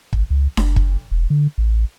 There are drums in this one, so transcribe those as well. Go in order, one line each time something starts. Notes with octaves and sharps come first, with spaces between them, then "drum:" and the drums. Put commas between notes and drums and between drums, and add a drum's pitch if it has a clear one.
G#1, drum: kick
C#2
F#1, drum: snare D4
drum: kick
E1
D3
A1